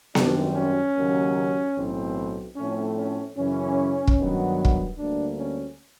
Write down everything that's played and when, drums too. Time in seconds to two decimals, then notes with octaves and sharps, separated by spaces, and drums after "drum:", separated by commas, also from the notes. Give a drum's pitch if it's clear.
0.15 G#1 F#2 D#3 G3 C4 D4, drum: snare B3
0.55 C#4
0.96 D#2 C#3 F#3 A#3
1.76 B1 A2 E3 A3 C4
2.56 A2 F3 A3 C4 C#4
2.97 C#4
3.37 F#2 C#3 E3 C#4
4.07 drum: kick
4.18 G2 D#3 F#3 B3
4.65 drum: kick
4.98 D2 D3 G3 A#3 D4
5.39 C#4